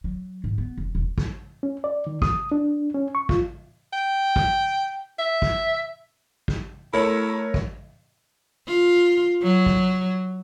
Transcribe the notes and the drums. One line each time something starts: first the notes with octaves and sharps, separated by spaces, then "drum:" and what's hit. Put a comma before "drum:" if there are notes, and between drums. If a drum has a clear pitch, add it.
F#3
G#2
B3
F#1
E1
drum: kick
C#4
D5
D#3
D#6, drum: kick
D4
C#4
C#6
F4, drum: kick
G5
drum: kick
E5
drum: kick
drum: kick
A3 E4 A#4 C#5
drum: kick
F4
F#3
drum: kick